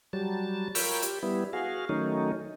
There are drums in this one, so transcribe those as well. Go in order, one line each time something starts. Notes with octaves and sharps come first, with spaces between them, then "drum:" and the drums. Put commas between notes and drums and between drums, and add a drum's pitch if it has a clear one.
F#3 G3 A5
F4 A#4 C#5 G5 B5 E6, drum: open hi-hat
G4, drum: hi-hat
G3 B3 E4
F#4 G#4 F5
D#3 F#3 A3 C#4 D#4